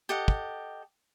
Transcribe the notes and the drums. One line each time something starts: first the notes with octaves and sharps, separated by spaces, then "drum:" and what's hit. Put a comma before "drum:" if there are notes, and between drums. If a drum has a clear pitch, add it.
G4 A4 D#5 F#5
drum: kick